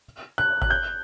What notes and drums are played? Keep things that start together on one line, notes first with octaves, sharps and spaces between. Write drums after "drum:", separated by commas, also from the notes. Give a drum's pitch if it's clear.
F#6
F#6, drum: kick G#1
G6